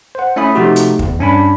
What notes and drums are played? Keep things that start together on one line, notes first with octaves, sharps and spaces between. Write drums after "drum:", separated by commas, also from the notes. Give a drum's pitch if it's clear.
C5 F#5
A3 C#4 E4 E5 B5 D#6
C3 F3 A3 D#4 F#4 G4
drum: hi-hat
E2, drum: kick
G2 C#4 D4 B5